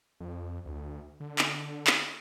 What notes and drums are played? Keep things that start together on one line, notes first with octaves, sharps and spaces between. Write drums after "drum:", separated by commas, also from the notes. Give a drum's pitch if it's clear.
F2
D2
D3
drum: clap
drum: clap